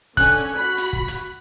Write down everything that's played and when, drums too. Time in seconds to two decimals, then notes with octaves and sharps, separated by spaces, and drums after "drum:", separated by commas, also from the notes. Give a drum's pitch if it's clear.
0.17 D3 C#4 F#6, drum: kick, hi-hat
0.55 F#4 B5
0.78 drum: hi-hat
0.93 drum: kick
1.08 drum: hi-hat